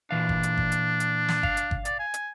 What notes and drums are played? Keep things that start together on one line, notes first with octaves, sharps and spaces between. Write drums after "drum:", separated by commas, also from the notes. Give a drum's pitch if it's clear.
A#2 E3 D4 F5
drum: kick G1
drum: hi-hat
drum: kick G1
drum: hi-hat
drum: hi-hat
drum: snare
F5, drum: kick G1
drum: hi-hat
drum: kick G1
D5, drum: hi-hat
G#5
drum: hi-hat